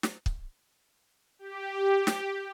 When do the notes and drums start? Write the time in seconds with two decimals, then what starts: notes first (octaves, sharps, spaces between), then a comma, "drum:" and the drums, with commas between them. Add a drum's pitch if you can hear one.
0.03 drum: snare
0.26 drum: kick
1.39 G4
2.07 drum: snare